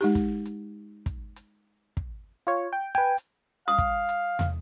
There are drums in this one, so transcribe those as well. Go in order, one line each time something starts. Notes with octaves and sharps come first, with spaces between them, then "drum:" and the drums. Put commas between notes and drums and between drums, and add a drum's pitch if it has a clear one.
G#3 D#4 G4
drum: kick, hi-hat
drum: hi-hat
drum: kick, hi-hat
drum: hi-hat
drum: kick
F4 C#5
G5
B4 G5 G#5
drum: hi-hat
F5 D#6
drum: kick, hi-hat
drum: hi-hat
drum: tom